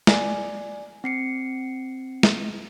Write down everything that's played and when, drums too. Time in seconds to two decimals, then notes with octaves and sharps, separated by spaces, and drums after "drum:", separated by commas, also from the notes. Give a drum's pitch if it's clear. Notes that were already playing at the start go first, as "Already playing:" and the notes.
0.07 D5 G#5, drum: snare
1.04 C4 C7 C#7
2.23 drum: snare